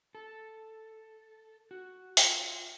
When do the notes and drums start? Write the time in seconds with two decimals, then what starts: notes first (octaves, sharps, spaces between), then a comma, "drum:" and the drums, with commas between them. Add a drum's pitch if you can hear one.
0.15 A4
1.71 F#4
2.17 F4, drum: open hi-hat